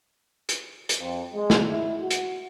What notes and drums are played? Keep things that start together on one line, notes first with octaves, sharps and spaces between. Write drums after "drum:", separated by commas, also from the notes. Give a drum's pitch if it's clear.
drum: hi-hat
drum: hi-hat
F2
G#3
drum: snare
E4
F#4
drum: hi-hat